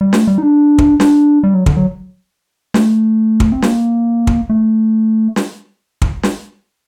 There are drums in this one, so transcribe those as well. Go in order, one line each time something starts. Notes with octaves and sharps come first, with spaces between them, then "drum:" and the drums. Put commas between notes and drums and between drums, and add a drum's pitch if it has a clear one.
G3
A3, drum: snare
G3
D#4
D4
drum: kick
D4, drum: snare
G3
F#3
D3, drum: kick
F#3
A3, drum: snare
drum: kick
C4
A#3, drum: snare
drum: kick
A3
drum: snare
drum: kick
drum: snare